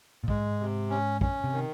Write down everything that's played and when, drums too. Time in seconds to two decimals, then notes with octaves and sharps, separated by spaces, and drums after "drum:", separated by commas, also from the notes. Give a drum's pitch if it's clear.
0.24 A#2
0.28 G#2 G#3, drum: kick
0.59 C3
0.90 C#4
1.21 C#4, drum: kick
1.44 C3
1.53 D#3